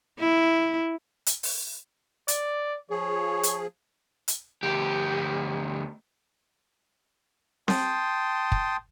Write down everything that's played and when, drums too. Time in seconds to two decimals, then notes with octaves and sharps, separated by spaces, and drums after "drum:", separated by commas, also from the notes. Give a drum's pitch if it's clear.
0.19 E4
1.26 drum: hi-hat
1.43 drum: open hi-hat
2.28 D5, drum: hi-hat
2.90 F3 G#4 C#5
3.43 drum: hi-hat
4.28 drum: hi-hat
4.63 D2 G4
7.68 G5 A5 C6 D#6, drum: snare C4
8.52 drum: kick